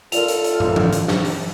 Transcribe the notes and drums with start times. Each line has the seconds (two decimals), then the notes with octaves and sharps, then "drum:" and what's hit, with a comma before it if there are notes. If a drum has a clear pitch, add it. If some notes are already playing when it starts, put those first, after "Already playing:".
0.12 F4 A4 A#4 D5 F7, drum: hi-hat
0.28 drum: hi-hat
0.44 drum: hi-hat
0.60 drum: tom
0.76 drum: tom E3
0.92 drum: hi-hat
1.08 drum: snare
1.24 drum: open hi-hat